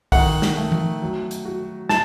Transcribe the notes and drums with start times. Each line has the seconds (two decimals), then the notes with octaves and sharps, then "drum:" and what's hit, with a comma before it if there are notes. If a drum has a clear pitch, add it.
0.12 D#3 F#5, drum: kick B1, open hi-hat
0.42 drum: snare
0.57 A3
0.72 drum: tom E3
1.02 F#3
1.31 drum: hi-hat
1.45 F#4
1.89 A5, drum: snare